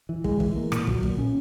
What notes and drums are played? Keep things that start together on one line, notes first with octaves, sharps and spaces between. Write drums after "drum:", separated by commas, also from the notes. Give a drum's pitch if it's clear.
E3
G#3, drum: kick
E3, drum: kick
A#3
A#2, drum: rim click
F#3, drum: kick
A#2, drum: kick
C#4